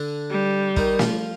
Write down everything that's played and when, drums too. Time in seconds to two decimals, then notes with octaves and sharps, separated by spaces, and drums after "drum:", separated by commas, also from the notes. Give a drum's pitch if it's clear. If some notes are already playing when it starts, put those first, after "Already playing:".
Already playing: D3 D4
0.30 G3
0.76 D#3 D#4, drum: kick
0.99 F3 F4, drum: snare